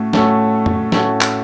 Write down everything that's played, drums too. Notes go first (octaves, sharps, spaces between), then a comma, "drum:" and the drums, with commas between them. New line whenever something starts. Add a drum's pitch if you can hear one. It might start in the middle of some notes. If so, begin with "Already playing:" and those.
Already playing: A2 A3 C#4 F#4
A2 A3 C#4 F#4 A4, drum: snare
drum: tom
A2 A3 C#4 F#4 A4, drum: snare
drum: clap